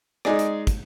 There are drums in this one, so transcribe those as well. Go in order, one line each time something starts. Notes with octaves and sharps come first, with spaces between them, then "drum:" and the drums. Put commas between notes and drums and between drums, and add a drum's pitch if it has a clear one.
G#3 D#4 G#4 D5, drum: rim click
drum: hi-hat
drum: kick, hi-hat